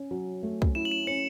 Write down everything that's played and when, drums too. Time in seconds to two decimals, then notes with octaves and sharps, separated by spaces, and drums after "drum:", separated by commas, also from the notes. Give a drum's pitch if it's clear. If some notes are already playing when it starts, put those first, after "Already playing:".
Already playing: C#4
0.11 F#3
0.43 A3
0.62 drum: kick
0.75 E4 E7
0.85 F#7
0.91 E7
1.07 C#4 C#7